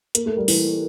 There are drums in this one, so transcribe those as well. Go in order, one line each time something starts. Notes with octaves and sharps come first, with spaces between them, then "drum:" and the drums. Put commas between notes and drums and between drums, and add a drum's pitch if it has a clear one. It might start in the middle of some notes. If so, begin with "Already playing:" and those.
A#3, drum: hi-hat
A3
G3
E3, drum: open hi-hat